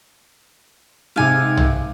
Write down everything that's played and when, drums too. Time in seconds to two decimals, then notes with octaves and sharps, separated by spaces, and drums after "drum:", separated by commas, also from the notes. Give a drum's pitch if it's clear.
1.16 G#2 C3 F5 G#5
1.57 drum: tom